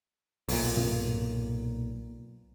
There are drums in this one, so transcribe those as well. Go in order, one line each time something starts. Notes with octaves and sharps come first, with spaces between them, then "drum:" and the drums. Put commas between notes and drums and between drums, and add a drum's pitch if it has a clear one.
B1 A#2, drum: open hi-hat
drum: tom